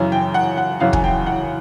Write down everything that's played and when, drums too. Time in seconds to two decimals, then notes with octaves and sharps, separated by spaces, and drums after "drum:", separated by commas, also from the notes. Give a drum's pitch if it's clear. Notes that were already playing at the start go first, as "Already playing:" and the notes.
Already playing: F#2 C#3 E3 G#5
0.12 G5
0.34 F#5
0.57 F#5
0.80 F#2 C#3 E3 F5
0.93 G#5, drum: kick
1.04 G5
1.26 F#5